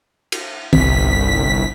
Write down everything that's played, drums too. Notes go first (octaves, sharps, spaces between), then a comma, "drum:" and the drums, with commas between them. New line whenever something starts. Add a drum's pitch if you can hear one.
drum: cymbal
G1 C2 B6, drum: tom